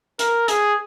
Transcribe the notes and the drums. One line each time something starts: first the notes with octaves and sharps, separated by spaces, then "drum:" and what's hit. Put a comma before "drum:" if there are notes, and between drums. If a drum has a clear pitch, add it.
A#4, drum: hi-hat
G#4, drum: hi-hat